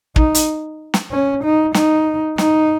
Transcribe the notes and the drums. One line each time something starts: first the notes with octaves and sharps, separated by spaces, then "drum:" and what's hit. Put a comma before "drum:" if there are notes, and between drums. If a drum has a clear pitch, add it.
D#4, drum: kick
drum: hi-hat
drum: snare
C#4
D#4
D#4, drum: snare
D#4, drum: snare